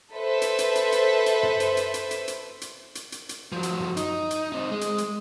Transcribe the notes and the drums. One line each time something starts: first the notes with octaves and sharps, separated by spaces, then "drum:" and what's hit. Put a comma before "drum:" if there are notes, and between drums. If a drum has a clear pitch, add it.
A4 B4 C5 E5
drum: hi-hat
drum: hi-hat
drum: hi-hat
drum: hi-hat
drum: hi-hat
drum: tom
drum: hi-hat
drum: hi-hat
drum: hi-hat
drum: hi-hat
drum: hi-hat
drum: hi-hat
drum: hi-hat
drum: hi-hat
drum: hi-hat
F3 F#3
drum: hi-hat
drum: tom
D#4, drum: hi-hat
drum: hi-hat
C4 D#4
G#3
drum: hi-hat
drum: hi-hat